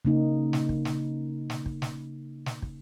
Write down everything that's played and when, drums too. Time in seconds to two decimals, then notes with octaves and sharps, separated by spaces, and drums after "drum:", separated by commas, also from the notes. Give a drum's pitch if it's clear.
0.05 C#3 A#3 D#4
0.53 drum: snare
0.69 drum: kick
0.85 drum: snare
1.50 drum: snare
1.66 drum: kick
1.82 drum: snare
2.46 drum: snare
2.62 drum: kick